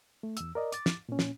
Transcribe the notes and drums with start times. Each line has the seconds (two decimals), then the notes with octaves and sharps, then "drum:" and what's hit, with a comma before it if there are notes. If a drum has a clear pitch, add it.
0.23 A3
0.37 E2 E6, drum: hi-hat
0.55 A#4 D5 D#5
0.72 D6 A6, drum: hi-hat
0.86 drum: snare
1.09 A#2 C#4
1.19 drum: snare